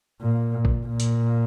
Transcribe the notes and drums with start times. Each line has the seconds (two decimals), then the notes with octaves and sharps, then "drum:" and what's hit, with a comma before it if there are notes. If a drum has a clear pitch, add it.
0.21 A#2
0.65 drum: kick
0.87 A#2
1.00 drum: hi-hat